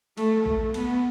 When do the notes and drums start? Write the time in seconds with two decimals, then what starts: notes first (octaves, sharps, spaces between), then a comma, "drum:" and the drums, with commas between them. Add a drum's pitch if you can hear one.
0.17 A3, drum: cymbal
0.46 A3, drum: kick
0.74 B3, drum: cymbal